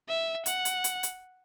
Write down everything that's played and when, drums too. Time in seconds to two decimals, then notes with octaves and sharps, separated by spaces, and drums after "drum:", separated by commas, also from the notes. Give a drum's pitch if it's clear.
0.08 E5
0.46 F#5, drum: hi-hat
0.65 drum: hi-hat
0.84 drum: hi-hat
1.03 drum: hi-hat